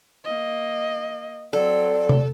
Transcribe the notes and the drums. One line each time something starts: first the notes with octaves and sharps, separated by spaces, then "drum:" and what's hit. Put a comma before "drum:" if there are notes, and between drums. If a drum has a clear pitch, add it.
A#3 D#5
F#3 C4 A4 D5
drum: tom C3